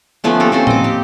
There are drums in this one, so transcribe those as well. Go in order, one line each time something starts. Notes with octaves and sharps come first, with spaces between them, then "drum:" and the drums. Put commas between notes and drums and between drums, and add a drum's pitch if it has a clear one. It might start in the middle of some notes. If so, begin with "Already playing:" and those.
F3 A3 B3 C#4
A#3 G4 A4
A#3 C4 C#4 A4
D#5 D6, drum: tom A2
G4